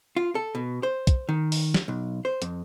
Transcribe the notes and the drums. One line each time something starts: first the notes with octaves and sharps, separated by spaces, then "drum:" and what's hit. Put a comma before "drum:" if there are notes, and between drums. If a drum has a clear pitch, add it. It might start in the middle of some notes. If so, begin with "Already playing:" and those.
F4
A4
B2
C5
drum: kick, hi-hat
D#3
drum: open hi-hat
drum: snare
B1
C5
F2, drum: hi-hat